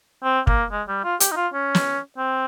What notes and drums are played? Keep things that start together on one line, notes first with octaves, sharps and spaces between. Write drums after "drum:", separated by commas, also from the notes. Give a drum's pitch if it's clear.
C4
A#3, drum: kick
G#3
G3
F4
G4, drum: hi-hat
D#4
F4
C#4
drum: snare
C4